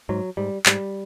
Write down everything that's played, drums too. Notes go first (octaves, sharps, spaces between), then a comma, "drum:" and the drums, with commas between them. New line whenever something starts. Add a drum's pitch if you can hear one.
G#2 F#3
G#2 G3
G#2 G3, drum: clap